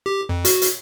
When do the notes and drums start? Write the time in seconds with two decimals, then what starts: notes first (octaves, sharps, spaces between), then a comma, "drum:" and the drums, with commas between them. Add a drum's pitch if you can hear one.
0.06 G4
0.29 F2
0.45 F#4, drum: hi-hat
0.62 drum: hi-hat